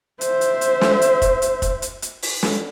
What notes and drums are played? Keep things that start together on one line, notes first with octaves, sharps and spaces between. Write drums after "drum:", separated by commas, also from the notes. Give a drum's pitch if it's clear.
C5 E5, drum: hi-hat
drum: hi-hat
drum: hi-hat
drum: snare
drum: hi-hat
drum: kick, hi-hat
drum: hi-hat
drum: kick, hi-hat
drum: hi-hat
drum: hi-hat
drum: open hi-hat
drum: snare